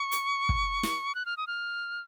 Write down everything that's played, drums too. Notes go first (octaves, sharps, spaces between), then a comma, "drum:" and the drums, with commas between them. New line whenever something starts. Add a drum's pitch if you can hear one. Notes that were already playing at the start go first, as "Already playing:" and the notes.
Already playing: C#6
drum: hi-hat
drum: kick
drum: snare
F#6
F6
D#6
F6